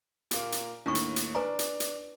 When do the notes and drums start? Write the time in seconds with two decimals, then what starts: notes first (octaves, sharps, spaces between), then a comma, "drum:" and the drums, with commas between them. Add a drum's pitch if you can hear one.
0.31 A#2 A#3, drum: hi-hat
0.52 drum: hi-hat
0.86 D#2 A2 D4 E4 C#6
0.95 drum: hi-hat
1.16 drum: hi-hat
1.35 D4 B4 G#5 A#5
1.59 drum: hi-hat
1.80 drum: hi-hat